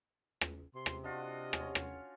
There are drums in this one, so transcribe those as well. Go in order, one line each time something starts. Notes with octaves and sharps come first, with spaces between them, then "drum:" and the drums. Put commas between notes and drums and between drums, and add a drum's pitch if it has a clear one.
drum: rim click
C3 C6
drum: rim click
D4 F4 F#4 D#5
C#4 C#5, drum: rim click
drum: rim click